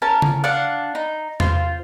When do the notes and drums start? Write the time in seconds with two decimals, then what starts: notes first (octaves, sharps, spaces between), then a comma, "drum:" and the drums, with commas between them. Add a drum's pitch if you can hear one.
0.02 C#4 A#4 A5
0.22 drum: tom C#3
0.44 D4 D5 F5 F#5
0.95 D#4
1.40 F4 C5, drum: tom E2